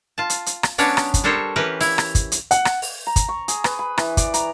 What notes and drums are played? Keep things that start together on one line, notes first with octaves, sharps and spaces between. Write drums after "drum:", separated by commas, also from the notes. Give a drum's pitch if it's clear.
F4 A5
drum: hi-hat
drum: hi-hat
drum: rim click
F#3 B3 C#4 D4 C#5 D5, drum: open hi-hat
drum: rim click
drum: kick, hi-hat
G3 D4 A4 A#4 C5 C#5
E3 C#4 G4 A#4 B4
E4, drum: open hi-hat
drum: rim click
drum: kick, hi-hat
drum: hi-hat
F#5, drum: hi-hat
drum: rim click
drum: open hi-hat
A#5
drum: kick, hi-hat
C#6
G#4, drum: hi-hat
B4, drum: rim click
B5
E3, drum: rim click
D5, drum: kick, hi-hat
A#5, drum: hi-hat